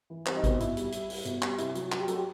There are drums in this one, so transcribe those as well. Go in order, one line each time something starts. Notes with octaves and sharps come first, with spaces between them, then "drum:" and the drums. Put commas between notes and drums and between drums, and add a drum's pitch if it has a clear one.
E3
G3 C4, drum: clap
D#4
B2 C4, drum: kick G#1, hi-hat
D#4
B2 E4, drum: hi-hat
G3, drum: hi-hat
G3, drum: hi-hat
G3, drum: open hi-hat
B2, drum: hi-hat
G3, drum: clap
C3 E4, drum: hi-hat
F#3, drum: hi-hat
F#3, drum: clap
G4
F#3 A4, drum: hi-hat
G4